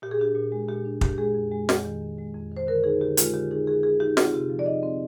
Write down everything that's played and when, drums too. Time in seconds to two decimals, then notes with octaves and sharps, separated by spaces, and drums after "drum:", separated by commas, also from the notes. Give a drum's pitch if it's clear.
0.02 A#2 G4
0.11 G#4
0.19 D4 G4
0.35 A#2
0.52 G#3
0.69 A#2 G4
0.85 D4
1.01 A#2 G4, drum: kick
1.18 G#3 G#4
1.35 F2
1.51 G#3
1.69 F2, drum: snare
1.85 D#3
2.01 F2
2.18 G#3
2.34 F2
2.52 D#3 C5
2.67 D3 A#4
2.84 D#4 G#4
3.01 D3 G4
3.17 G#3 F4, drum: hi-hat
3.33 D3 G4
3.51 D#4 G#4
3.67 D3 G#4
3.83 G#3 G#4
4.00 D#4 G4
4.17 C4 F4, drum: snare
4.33 C3 G4
4.50 F3
4.59 D5
4.66 D#4 D#5
4.83 C4